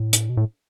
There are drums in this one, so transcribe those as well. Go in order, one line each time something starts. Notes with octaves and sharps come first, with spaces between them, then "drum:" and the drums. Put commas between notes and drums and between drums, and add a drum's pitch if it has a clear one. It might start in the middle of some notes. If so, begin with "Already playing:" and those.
Already playing: A2
drum: hi-hat
B2
A2